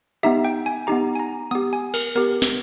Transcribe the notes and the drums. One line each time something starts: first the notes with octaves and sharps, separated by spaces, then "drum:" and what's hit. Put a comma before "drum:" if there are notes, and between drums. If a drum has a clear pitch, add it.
B3 D#4 G4 E5
G5
G#5
B3 D#4 G4 A#5
G#5
A#5
B3 G4 D#6
G#5
A#4, drum: cymbal
B3 G4 A#4
drum: snare